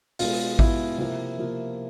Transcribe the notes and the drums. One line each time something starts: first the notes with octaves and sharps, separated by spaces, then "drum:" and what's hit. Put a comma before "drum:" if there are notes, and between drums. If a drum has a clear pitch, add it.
B2 G#3 B3 F4, drum: open hi-hat
B2 G#3 B3 E4, drum: kick A1
C3 F3 A#3 E4
C3 F3 A#3